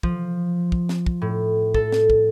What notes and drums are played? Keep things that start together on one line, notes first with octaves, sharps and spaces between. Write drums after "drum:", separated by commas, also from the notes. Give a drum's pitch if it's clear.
F3, drum: kick
drum: kick
drum: snare
drum: kick
A2
A4, drum: kick
drum: snare
drum: kick